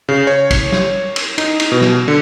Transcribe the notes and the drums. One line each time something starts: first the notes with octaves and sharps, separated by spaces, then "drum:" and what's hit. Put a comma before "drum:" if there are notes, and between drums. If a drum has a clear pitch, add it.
C#3
C#5
drum: kick, cymbal
drum: snare
drum: cymbal
D#4, drum: cymbal
drum: cymbal
B2
drum: snare
D3